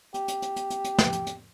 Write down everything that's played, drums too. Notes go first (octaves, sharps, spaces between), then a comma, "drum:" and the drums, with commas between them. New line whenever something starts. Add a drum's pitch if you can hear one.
G4, drum: hi-hat
drum: hi-hat
drum: hi-hat
drum: hi-hat
drum: hi-hat
drum: hi-hat
drum: snare
drum: hi-hat
drum: hi-hat